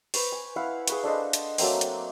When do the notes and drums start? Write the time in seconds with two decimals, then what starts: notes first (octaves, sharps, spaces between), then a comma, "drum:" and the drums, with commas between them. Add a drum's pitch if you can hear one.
0.14 B4 C5 C#6, drum: open hi-hat
0.32 G#5
0.56 E4 F5 F#5
0.88 G#4 B4 C#6, drum: hi-hat
1.04 D4 A4 C5 D#5
1.33 drum: hi-hat
1.58 F#3 A3 A#3 C4, drum: open hi-hat
1.81 drum: hi-hat